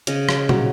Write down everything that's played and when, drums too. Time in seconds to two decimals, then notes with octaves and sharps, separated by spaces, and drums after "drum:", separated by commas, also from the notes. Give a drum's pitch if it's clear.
0.07 C#3 D#5, drum: hi-hat
0.29 drum: rim click
0.49 F#3, drum: tom A#2